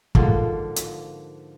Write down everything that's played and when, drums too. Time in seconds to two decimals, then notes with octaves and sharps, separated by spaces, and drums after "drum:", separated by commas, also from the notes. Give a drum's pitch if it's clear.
0.15 G#2 D3 F3 A#3, drum: kick
0.76 drum: hi-hat